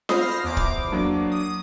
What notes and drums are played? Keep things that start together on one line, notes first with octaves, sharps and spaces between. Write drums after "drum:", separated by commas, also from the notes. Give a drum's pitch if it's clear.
C5 B5 D#6 F6 A#6 C7, drum: snare F4
E2 D6
drum: kick
F#3 A#3 D4
D#6